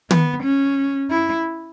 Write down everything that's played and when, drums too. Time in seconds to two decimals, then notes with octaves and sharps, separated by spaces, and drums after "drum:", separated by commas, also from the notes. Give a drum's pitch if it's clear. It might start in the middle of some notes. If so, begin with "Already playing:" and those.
0.11 B3, drum: tom
0.43 C#4
1.11 E4